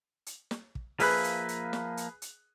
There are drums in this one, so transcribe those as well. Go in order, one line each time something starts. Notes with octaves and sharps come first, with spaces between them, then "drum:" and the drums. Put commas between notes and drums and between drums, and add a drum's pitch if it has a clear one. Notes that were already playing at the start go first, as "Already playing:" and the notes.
drum: hi-hat
drum: snare
drum: kick
F3 A#3 G#4 B4 E5 F#6, drum: open hi-hat
drum: hi-hat
drum: hi-hat
drum: snare
drum: hi-hat
drum: hi-hat